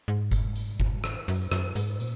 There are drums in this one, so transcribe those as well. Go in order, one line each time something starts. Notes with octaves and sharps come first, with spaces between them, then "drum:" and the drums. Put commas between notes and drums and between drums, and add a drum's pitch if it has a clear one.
G#2
drum: kick G1, tambourine
drum: tambourine
drum: kick G1
drum: rim click
F#2, drum: tambourine
F#2, drum: rim click
G#2, drum: tambourine
A#2, drum: tambourine